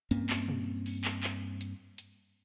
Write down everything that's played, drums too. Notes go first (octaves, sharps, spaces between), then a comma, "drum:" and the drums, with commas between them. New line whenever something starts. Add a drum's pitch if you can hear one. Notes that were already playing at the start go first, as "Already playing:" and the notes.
G2 A#3 C4 C#4, drum: hi-hat
drum: clap
drum: tom
drum: open hi-hat
drum: clap
drum: clap
drum: hi-hat
drum: hi-hat